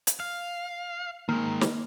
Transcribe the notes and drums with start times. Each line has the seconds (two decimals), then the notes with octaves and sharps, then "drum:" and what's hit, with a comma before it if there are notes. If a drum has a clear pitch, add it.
0.07 drum: hi-hat
0.20 F5
1.29 D#3 G#3 A#3
1.61 drum: snare